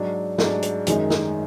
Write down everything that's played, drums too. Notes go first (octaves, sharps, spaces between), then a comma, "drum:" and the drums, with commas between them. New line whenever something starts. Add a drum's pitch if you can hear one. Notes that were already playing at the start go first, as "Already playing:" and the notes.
Already playing: G#2 F#3 D4
G#2 F#3 D4, drum: snare
drum: hi-hat
F#2 D#3 G#3 D#4, drum: hi-hat
drum: snare